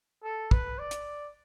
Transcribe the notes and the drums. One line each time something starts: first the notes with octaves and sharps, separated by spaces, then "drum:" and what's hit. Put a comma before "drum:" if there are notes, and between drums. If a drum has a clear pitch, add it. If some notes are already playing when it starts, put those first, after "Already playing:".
A4
B4, drum: kick
D5
drum: hi-hat